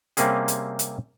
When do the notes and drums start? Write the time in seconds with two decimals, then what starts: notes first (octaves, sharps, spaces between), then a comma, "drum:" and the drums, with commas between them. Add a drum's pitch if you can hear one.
0.17 C3 G3 A#3 C4 C#4 G#4, drum: hi-hat
0.48 drum: hi-hat
0.79 drum: hi-hat